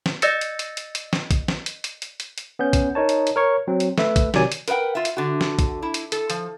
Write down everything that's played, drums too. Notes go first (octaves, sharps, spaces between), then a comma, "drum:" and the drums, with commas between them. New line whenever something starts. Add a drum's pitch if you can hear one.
drum: snare
D5 D#5 E6 A6 A#6 C#7, drum: hi-hat
drum: hi-hat
drum: hi-hat
drum: hi-hat
drum: hi-hat
drum: snare
drum: kick, hi-hat
drum: snare
drum: hi-hat
drum: hi-hat
drum: hi-hat
drum: hi-hat
drum: hi-hat
B3 C#4 G6
drum: kick, hi-hat
D#4 A#4 C#5 A5
drum: hi-hat
drum: hi-hat
A#4 C#5 C#6
F#3 C4
drum: hi-hat
A3 B4 E5, drum: snare
drum: kick, hi-hat
C3 D#3 F#3 D5 G#5, drum: snare
drum: hi-hat
A#4 B4 D#5 F#5 G5, drum: hi-hat
F4 E5
drum: hi-hat
D3 F#4
drum: snare
drum: kick, hi-hat
E4
drum: hi-hat
A4, drum: hi-hat
F3, drum: hi-hat